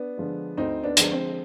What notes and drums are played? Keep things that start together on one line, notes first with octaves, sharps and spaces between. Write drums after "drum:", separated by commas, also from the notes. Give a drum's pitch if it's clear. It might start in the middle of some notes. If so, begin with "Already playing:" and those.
Already playing: B3 D4
D3 F3 G#3
D2 C4 D#4
B3 D4
D3 F3 G#3, drum: hi-hat
C4